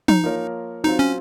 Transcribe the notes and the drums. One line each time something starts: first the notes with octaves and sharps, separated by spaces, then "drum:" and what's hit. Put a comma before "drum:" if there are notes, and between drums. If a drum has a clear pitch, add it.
D#4, drum: tom
F3 A#3 F4 A#4 C#5
F#3 C4 D#4 F4
C#4